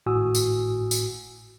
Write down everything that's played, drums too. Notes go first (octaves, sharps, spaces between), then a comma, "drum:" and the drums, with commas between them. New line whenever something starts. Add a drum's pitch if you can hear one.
G#1 A2 F#4 G#5 D#6 E6
drum: tambourine
drum: tambourine